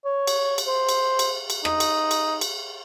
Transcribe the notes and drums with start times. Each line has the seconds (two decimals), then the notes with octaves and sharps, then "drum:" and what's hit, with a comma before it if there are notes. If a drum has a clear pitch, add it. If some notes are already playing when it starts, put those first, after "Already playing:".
0.05 C#5
0.27 drum: cymbal
0.58 drum: cymbal
0.67 C5
0.89 drum: cymbal
1.19 drum: cymbal
1.50 drum: cymbal
1.65 D#4, drum: rim click
1.80 drum: cymbal
2.11 drum: cymbal
2.41 drum: cymbal